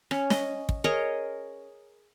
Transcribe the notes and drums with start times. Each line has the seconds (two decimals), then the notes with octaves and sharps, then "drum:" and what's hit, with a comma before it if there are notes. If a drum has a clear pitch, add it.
0.11 C#4, drum: rim click
0.30 D#5, drum: snare
0.69 drum: kick
0.84 G#4 A#4 C#5 D#5